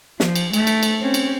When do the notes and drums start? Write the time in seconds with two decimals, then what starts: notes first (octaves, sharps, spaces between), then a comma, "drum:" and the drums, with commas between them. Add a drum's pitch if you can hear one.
0.20 F3, drum: snare
0.35 drum: cymbal
0.53 A3, drum: cymbal
0.67 drum: cymbal
0.83 drum: cymbal
1.02 C4 C#4
1.14 drum: cymbal